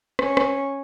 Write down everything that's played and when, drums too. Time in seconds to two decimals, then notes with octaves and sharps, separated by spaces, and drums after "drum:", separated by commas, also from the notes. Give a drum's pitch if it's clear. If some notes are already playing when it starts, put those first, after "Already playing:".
0.19 C#4, drum: rim click
0.37 drum: rim click